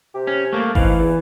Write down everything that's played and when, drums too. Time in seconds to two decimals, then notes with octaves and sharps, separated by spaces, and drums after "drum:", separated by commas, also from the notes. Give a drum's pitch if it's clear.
0.15 C3 G4
0.27 C#4
0.53 A3 A#3
0.75 E3 C4 D#4 F5, drum: kick G1
0.99 E2